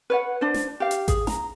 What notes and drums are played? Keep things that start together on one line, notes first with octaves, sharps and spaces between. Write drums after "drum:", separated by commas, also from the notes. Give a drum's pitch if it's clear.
B4 C#5 F#5
D4 C5
drum: snare
G4 F5
drum: hi-hat
G#4, drum: kick A1, hi-hat
A#5, drum: snare